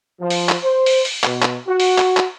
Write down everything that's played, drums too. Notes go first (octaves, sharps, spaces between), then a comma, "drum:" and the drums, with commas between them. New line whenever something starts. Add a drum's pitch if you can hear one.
F3
drum: open hi-hat
drum: clap
C5
drum: open hi-hat
drum: open hi-hat
B2, drum: clap
drum: clap
F#4
drum: open hi-hat
drum: clap
drum: clap